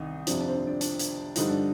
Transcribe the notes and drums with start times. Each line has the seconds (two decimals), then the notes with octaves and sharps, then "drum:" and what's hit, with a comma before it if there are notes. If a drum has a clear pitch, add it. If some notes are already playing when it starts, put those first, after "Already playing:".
Already playing: C2 D#3 D#4
0.27 F2 C3 F3 D4, drum: hi-hat
0.40 D4
0.48 C4
0.54 D4
0.67 D4
0.81 D4, drum: hi-hat
0.99 drum: hi-hat
1.36 G2 D3 F3 D#4, drum: hi-hat
1.50 D4